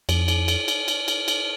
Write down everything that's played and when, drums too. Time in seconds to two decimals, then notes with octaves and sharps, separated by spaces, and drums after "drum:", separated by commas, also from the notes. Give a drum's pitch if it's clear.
0.09 F2, drum: cymbal
0.28 drum: cymbal
0.48 drum: cymbal
0.68 drum: cymbal
0.88 drum: cymbal
1.08 drum: cymbal
1.28 drum: cymbal